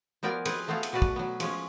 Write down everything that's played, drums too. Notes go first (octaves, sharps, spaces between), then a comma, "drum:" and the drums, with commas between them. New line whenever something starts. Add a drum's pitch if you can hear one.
F3 B3 A#4 D5 G5 G#5
C4 G#4 B4, drum: cymbal
A3 B3 C4 G#4 A4 F5
drum: cymbal
B2 F#4 B4 D5 A5
drum: kick
F#3 B3
F3 G#3 C#4, drum: cymbal